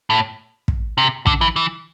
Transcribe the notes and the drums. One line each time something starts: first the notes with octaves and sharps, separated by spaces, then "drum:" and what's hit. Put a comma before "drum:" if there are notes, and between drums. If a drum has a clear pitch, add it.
A2
drum: kick
C3
D3, drum: kick
E3
E3